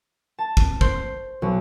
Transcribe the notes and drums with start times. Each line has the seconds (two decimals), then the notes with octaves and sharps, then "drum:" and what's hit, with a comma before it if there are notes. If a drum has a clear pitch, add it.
0.39 A5
0.57 drum: kick
0.81 C5, drum: kick
1.42 B1